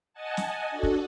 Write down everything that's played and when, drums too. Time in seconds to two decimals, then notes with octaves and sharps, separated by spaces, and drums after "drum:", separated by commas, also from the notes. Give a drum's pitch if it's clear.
0.13 D#5 F#5 G#5 A5
0.37 drum: snare
0.70 D4 F#4 A4
0.83 drum: kick